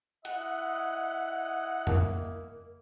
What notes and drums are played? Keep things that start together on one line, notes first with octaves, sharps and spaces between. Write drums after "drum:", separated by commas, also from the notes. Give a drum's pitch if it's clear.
E4 D#5 F#5, drum: hi-hat
A#3, drum: tom F2